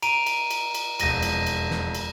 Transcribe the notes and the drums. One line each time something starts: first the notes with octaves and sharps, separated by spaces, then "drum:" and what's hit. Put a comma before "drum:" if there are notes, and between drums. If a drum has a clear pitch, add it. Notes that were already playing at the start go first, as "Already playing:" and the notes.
A#5 D7 D#7, drum: cymbal
drum: cymbal
drum: cymbal
drum: cymbal
E1 F2 A#6 D#7, drum: cymbal
drum: cymbal
drum: cymbal
drum: snare
drum: cymbal